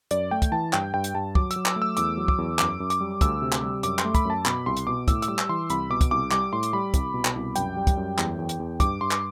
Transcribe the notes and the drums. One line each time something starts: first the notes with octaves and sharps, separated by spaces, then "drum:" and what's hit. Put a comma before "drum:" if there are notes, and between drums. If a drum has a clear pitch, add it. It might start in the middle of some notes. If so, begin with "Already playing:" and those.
F#2 D5, drum: hi-hat
A3 G5
drum: kick, hi-hat
E3 A5
G2 G5, drum: clap
G2 G5
drum: hi-hat
G2 A5
F#3 D6, drum: kick
E6, drum: hi-hat
F#3
D6, drum: clap
A3
E6
E2 D6, drum: hi-hat
F#3
D6, drum: kick
E2
F#2 D6, drum: clap
F#2
D6, drum: hi-hat
G3
D2 E6, drum: kick, hi-hat
C3
drum: clap
G3
F#2 D6, drum: hi-hat
C6, drum: clap
A3
B5, drum: kick, hi-hat
F#2 A5
B2 B5, drum: clap
C2 C6
drum: hi-hat
B2 D6
A2 E6, drum: kick, hi-hat
E6, drum: hi-hat
G3 D6
drum: clap
E3 C6
C2 B5, drum: hi-hat
B2 D6
drum: kick, hi-hat
C2 D6
G3 D6, drum: clap
A2 C6
drum: hi-hat
G3 B5
C2, drum: kick, hi-hat
B2
drum: clap
C2
F#2 G5, drum: hi-hat
G3
drum: kick, hi-hat
F#2
E2, drum: clap
E2
drum: hi-hat
E2
G2 D6, drum: kick, hi-hat
G2 C6
drum: clap